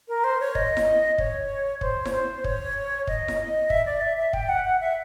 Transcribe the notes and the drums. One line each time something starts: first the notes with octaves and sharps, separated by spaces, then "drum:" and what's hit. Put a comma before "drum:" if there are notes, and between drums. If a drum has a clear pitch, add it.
A#4
C5
C#5
D#5, drum: kick
drum: snare E4
C#5, drum: kick
C5, drum: kick
C#5, drum: snare E4
C5
C#5, drum: kick
D#5, drum: kick
drum: snare E4
D#5
E5, drum: kick
D5
E5
E5
G5, drum: kick
F#5
F#5
E5